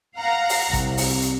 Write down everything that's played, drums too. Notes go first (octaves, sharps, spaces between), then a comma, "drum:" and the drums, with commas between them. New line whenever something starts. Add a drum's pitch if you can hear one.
F5 F#5 A#5
drum: open hi-hat
C2, drum: kick A1, hi-hat
drum: open hi-hat
drum: hi-hat